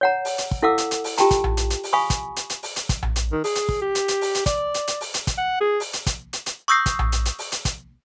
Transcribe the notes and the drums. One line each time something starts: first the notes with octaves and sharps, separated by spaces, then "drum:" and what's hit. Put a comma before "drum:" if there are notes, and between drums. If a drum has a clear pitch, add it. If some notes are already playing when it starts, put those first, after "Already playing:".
C#5 F#5 A#5
drum: open hi-hat
drum: hi-hat
drum: kick
E4 A4 F5 F#5 D6 E6
drum: hi-hat
drum: hi-hat
drum: open hi-hat
F4 G4 G5 A5 A#5, drum: hi-hat
drum: kick, hi-hat
drum: tom A#1
drum: hi-hat
drum: hi-hat
drum: open hi-hat
F5 G#5 B5 C#6 D#6
drum: kick, hi-hat
drum: hi-hat
drum: hi-hat
drum: open hi-hat
drum: hi-hat
drum: kick, hi-hat
drum: tom A#1
drum: hi-hat
D#3
G#4, drum: open hi-hat
drum: hi-hat
drum: kick
G4
drum: hi-hat
drum: hi-hat
drum: open hi-hat
drum: hi-hat
D5, drum: kick, hi-hat
drum: hi-hat
drum: hi-hat
drum: open hi-hat
drum: hi-hat
drum: kick, hi-hat
F#5
G#4
drum: open hi-hat
drum: hi-hat
drum: kick, hi-hat
drum: hi-hat
drum: hi-hat
C#6 D#6 E6 G6 A#6 C7
drum: kick, hi-hat
drum: tom A#1
drum: hi-hat
drum: hi-hat
drum: open hi-hat
drum: hi-hat
drum: kick, hi-hat